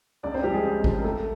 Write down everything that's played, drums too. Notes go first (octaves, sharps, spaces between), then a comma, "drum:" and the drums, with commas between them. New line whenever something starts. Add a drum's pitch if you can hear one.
C#2 D4 D5
C4 C5
C#3 F3 G3 G4
G#3 G#4
C#2
C#3 F3, drum: kick G#1
A#4
C2 A3 A4